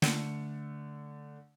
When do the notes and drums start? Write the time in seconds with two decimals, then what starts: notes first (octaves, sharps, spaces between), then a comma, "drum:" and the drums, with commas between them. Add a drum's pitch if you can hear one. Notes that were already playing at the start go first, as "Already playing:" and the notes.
0.02 D3 A3 C#7, drum: snare